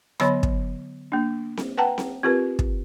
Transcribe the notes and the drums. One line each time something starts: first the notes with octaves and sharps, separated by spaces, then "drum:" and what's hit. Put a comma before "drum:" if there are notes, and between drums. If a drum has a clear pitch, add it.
D3 F#3 B3 C#5 B5 C6, drum: rim click
drum: kick
A#3 D4
drum: snare C4
B4 F#5 G5 A5 A#5
drum: snare C4
C4 F4 G4 A#4 B4
drum: kick